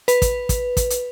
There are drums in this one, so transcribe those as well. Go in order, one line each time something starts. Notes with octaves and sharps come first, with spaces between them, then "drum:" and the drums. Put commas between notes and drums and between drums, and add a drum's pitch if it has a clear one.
B4, drum: hi-hat
drum: kick, hi-hat
drum: kick, hi-hat
drum: kick, hi-hat
drum: hi-hat